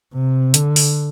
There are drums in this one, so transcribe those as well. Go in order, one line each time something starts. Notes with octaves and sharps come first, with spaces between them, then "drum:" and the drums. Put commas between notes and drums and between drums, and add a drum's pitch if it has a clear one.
C3
D3, drum: hi-hat
drum: open hi-hat